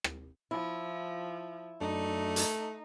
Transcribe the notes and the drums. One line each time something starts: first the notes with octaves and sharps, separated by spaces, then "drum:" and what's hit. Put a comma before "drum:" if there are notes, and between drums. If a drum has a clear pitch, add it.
drum: rim click
F3 E4
F#2 A3 D4 D#4
drum: hi-hat